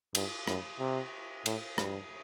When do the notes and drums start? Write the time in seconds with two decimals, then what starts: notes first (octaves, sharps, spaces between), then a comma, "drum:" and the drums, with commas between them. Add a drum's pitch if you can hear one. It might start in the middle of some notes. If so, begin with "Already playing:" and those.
0.15 G2, drum: cymbal
0.47 F#2, drum: rim click
0.80 C3
1.46 A2, drum: cymbal
1.78 G2, drum: rim click